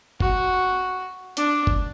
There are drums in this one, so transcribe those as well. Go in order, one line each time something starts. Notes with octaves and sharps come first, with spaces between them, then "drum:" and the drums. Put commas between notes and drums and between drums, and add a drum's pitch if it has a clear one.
F#4, drum: kick F#1
D4, drum: hi-hat
drum: kick F#1